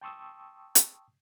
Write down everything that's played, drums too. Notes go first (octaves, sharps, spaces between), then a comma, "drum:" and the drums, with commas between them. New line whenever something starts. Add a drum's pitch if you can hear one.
G5 A5 C6 C#6 D#6 E6
drum: hi-hat